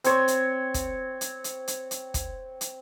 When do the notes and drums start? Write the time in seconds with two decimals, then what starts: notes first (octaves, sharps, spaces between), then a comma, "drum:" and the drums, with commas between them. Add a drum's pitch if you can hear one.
0.04 C4 C#5, drum: hi-hat
0.28 drum: hi-hat
0.74 drum: kick, hi-hat
1.21 drum: hi-hat
1.44 drum: hi-hat
1.68 drum: hi-hat
1.91 drum: hi-hat
2.14 drum: kick, hi-hat
2.61 drum: hi-hat